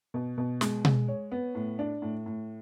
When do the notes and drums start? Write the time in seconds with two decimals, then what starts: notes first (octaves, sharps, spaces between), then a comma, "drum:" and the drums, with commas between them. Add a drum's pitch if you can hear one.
0.14 B2
0.38 B2
0.61 G#3, drum: snare
0.85 G#3, drum: tom B2
1.08 C#5
1.32 B3
1.55 A2
1.79 D4
2.02 A2
2.26 A2